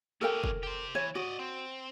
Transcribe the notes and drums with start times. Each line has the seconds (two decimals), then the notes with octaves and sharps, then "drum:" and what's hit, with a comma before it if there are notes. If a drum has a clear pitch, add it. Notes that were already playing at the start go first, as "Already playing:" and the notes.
0.21 C#4 G4 A4 A#4 G5
0.44 drum: kick
0.63 G4 C5
0.95 E3 C#5
1.15 F#4 D5 D#5
1.39 C4